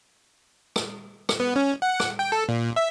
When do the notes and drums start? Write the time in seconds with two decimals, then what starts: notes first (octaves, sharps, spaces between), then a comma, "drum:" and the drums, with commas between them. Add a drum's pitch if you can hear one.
0.76 drum: rim click
1.29 drum: rim click
1.40 B3
1.56 C#4
1.82 F#5
2.00 drum: rim click
2.19 G5
2.32 A4
2.49 A#2
2.76 E5